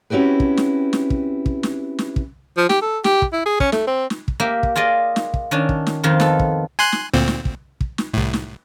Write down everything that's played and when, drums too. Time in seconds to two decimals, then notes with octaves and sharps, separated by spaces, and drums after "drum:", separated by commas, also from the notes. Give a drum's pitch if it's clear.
0.10 C4 C#4 E4 F#4 G4 B4
0.40 drum: kick
0.57 drum: snare
0.93 drum: snare
1.10 drum: kick
1.46 drum: kick
1.63 drum: snare
1.99 drum: snare
2.16 drum: kick
2.57 F3
2.69 G4, drum: snare
2.82 A4
3.04 G4, drum: snare
3.22 drum: kick
3.33 E4
3.46 G#4
3.60 C#4, drum: kick
3.72 A3, drum: snare
3.87 C4
4.10 drum: snare
4.28 drum: kick
4.40 A#3 G4 E5
4.63 drum: kick
4.76 F4 G#4 D5 D#5
5.16 drum: snare
5.34 drum: kick
5.51 D#3 C#4 D4
5.69 drum: kick
5.87 drum: snare
6.04 F2 D#3 C4 F4
6.20 B3 A4, drum: snare
6.39 drum: kick
6.79 G#5 C6 F#6
6.92 drum: snare
7.13 D2 A#2 C4
7.28 drum: snare
7.45 drum: kick
7.81 drum: kick
7.98 drum: snare
8.13 C2 A2
8.33 drum: snare